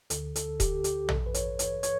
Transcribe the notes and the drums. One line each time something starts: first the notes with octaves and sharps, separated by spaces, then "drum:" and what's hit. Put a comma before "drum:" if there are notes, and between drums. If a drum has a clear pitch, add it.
D2 D3 A4, drum: hi-hat
A4, drum: hi-hat
G4, drum: kick D#1, hi-hat
G4, drum: hi-hat
G2 E3 A4, drum: tom A#1
B4
C#5, drum: hi-hat
C#5, drum: hi-hat
C#5, drum: hi-hat